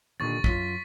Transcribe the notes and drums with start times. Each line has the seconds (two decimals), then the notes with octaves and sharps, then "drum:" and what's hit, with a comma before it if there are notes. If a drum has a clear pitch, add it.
0.20 D#2 A#2 D3 C#6 A6
0.44 F#2 F4 B6, drum: kick